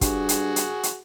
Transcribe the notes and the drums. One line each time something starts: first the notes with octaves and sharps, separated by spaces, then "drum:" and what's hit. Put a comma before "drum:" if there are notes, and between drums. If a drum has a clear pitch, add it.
G2 F#4 G#4, drum: kick, hi-hat
drum: hi-hat
drum: hi-hat
drum: hi-hat